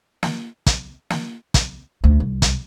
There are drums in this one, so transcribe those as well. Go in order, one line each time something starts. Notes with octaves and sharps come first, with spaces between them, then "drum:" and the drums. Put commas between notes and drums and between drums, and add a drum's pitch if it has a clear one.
drum: snare
drum: kick, hi-hat
drum: snare
drum: kick, hi-hat
D2
C2
drum: kick, hi-hat